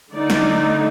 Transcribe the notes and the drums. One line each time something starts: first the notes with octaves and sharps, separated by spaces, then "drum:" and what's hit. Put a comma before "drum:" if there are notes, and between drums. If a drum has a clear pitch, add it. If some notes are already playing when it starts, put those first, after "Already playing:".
D3 A3 D#4 D5
drum: snare